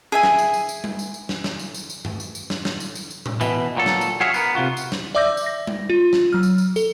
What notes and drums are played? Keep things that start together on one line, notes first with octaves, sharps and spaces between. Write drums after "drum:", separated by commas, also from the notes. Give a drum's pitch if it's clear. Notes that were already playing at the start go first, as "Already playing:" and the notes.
G#4 E5 G#5
drum: snare
drum: tambourine
drum: tambourine
drum: tambourine
drum: tom G3
drum: tambourine
drum: tambourine
drum: snare
drum: snare
drum: tambourine
drum: tambourine
drum: tambourine
drum: tom G2
drum: tambourine
drum: tambourine
drum: snare
drum: snare
drum: tambourine
drum: tambourine
drum: tambourine
drum: tom A2
B2 E3, drum: tambourine
A#2 F#3 A4
drum: snare
drum: tambourine
F#4 G#4 C#5 E5 F5
B3 A#4, drum: tambourine
C3 D#3 F4 F#4
drum: tambourine
drum: snare
D5 E5 D6 E6 G6 A#6
drum: tambourine
A#6
drum: tom G3
F4
drum: snare
F#3 F6
drum: tambourine
drum: tambourine
A4, drum: tambourine